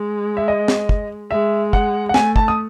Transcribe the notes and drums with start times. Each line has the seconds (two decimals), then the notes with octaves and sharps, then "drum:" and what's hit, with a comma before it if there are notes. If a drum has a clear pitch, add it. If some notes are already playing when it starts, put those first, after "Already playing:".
Already playing: G#3
0.37 E5
0.48 D#5
0.68 drum: snare
0.89 drum: kick
1.31 G#3 E5
1.73 F#5, drum: kick
2.09 F#5
2.14 A3 G#5, drum: snare
2.36 A5, drum: kick
2.48 D#6